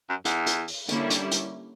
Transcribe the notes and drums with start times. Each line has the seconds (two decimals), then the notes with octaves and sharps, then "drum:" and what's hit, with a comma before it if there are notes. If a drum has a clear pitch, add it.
0.09 F#2
0.25 E2, drum: hi-hat
0.46 drum: hi-hat
0.68 drum: open hi-hat
0.89 D3 G3 A#3 C#4 E4, drum: hi-hat
1.10 drum: hi-hat
1.31 drum: hi-hat